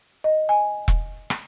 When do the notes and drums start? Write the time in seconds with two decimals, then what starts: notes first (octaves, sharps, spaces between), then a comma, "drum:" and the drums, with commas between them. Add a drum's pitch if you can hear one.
0.24 D#5
0.49 G#5
0.88 drum: kick E1
1.30 drum: rim click